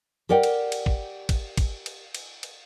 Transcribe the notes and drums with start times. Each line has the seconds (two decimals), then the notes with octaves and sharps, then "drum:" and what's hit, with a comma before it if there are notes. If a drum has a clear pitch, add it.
0.29 G4 A#4 D5 F#5 G5
0.43 drum: cymbal
0.72 drum: cymbal
0.86 drum: kick
1.29 drum: kick, cymbal
1.57 drum: kick, cymbal
1.86 drum: cymbal
2.15 drum: cymbal
2.43 drum: cymbal